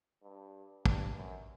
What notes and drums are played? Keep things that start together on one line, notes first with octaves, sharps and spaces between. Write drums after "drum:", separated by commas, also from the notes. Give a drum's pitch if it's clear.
G2
G2, drum: kick
F#2